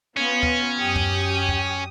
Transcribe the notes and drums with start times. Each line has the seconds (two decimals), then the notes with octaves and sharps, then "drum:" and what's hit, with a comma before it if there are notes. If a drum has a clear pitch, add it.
0.17 B3 C#4 F4
0.43 drum: kick
0.78 F#2 G4 D#6
0.96 drum: kick
1.49 drum: kick